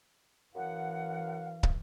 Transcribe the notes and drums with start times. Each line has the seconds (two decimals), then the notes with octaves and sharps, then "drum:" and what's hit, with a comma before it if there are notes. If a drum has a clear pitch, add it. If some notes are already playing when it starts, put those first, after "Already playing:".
0.55 F#2 E3 F5 F#5
1.63 drum: kick